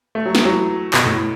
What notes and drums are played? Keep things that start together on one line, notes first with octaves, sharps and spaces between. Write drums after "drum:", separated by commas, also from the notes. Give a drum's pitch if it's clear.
A3
F#3
E3, drum: snare
F#3
B2, drum: clap
A2